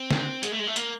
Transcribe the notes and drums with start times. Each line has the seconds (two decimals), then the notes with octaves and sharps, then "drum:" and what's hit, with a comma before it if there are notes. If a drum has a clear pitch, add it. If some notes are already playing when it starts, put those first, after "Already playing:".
Already playing: C4
0.11 drum: snare
0.43 G#3, drum: hi-hat
0.52 A3
0.59 G#3
0.67 A3
0.76 A#3, drum: hi-hat